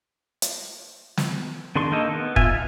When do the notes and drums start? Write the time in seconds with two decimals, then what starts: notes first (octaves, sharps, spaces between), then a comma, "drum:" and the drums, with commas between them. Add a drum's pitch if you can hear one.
0.42 drum: hi-hat
1.17 drum: snare
1.76 D#3 D4 G#4 C6 C#6
1.92 A#3 D#4 A4 D#5
2.11 B3
2.36 F4 E5 G#5, drum: kick
2.50 D#4 F5